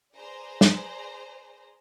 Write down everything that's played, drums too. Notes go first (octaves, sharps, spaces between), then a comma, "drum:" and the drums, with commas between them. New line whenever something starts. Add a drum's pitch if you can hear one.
G#4 B4 C5 D5 A#5
drum: snare